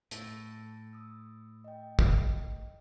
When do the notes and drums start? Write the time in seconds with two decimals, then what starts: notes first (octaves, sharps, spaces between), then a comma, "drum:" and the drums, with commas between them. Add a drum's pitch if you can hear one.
0.11 A2 A5 E6, drum: hi-hat
0.93 D#6 E6
1.64 D#5 G5
1.99 drum: kick